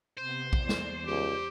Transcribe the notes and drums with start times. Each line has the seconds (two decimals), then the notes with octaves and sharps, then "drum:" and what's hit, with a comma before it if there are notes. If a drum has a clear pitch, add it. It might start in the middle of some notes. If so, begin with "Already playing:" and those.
0.18 C3 B3 C5
0.53 E2 D5, drum: kick A#1
0.69 drum: snare
1.07 C#2 G4